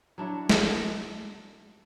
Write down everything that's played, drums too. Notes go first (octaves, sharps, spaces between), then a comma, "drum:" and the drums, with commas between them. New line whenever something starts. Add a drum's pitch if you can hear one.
F#3 D4 E4 C#5
drum: snare